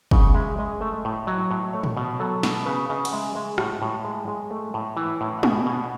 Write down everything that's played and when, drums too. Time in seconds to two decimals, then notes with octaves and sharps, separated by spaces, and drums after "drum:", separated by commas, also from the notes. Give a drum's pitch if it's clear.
0.11 C#3 F#5, drum: kick
0.34 G#3 E5
0.59 G#3 D#5
0.81 A3 E5
1.05 A2
1.27 F#3 D#5
1.51 A2
1.73 A3 C#5
1.83 drum: tom A2
1.97 B2
2.20 F#3 A4
2.43 B2, drum: snare
2.66 C#3 B4
2.89 C#3 D#5
3.05 F#5, drum: cymbal
3.13 G#3 E5
3.35 G#3
3.58 A2 F#5, drum: rim click
3.82 A2
4.05 G#3
4.28 G#3
4.51 A3
4.74 A2
4.97 E3
5.21 A2
5.39 F#5
5.43 B2 G#5, drum: tom
5.66 B2 G#5
5.74 F#5